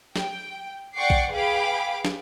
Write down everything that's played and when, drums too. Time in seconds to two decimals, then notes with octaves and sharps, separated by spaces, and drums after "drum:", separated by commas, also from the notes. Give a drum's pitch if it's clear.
0.16 G5, drum: snare
0.96 D5 F#5 G5 C#6 D6 C7
1.10 drum: kick A#1
1.31 G#4 B4 F5 G5 B5 D6
2.05 drum: snare